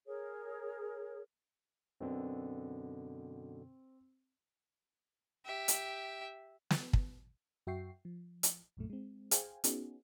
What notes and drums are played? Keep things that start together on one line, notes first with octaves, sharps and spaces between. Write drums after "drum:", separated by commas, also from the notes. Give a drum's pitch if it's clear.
G#4 A#4 C#5
F#2 B2 D3 C4
G4 E5
drum: hi-hat
drum: snare
drum: kick
F#2 F#4 E5 G5 C#6 C7
F3
drum: hi-hat
B1 F#2 A#2 A3
G#3 C4
G#4 C5 F5 G5 G#5, drum: hi-hat
B3 C#4 D#4 F#4 G#4, drum: hi-hat